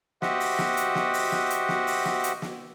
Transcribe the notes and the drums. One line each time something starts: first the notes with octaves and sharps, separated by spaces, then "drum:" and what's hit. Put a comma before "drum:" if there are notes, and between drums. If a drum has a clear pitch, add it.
F#4 G4 C5 D#5 E5 F#5, drum: snare
drum: open hi-hat
drum: snare
drum: hi-hat
drum: snare
drum: open hi-hat
drum: snare
drum: hi-hat
drum: snare
drum: open hi-hat
drum: snare
drum: hi-hat
drum: snare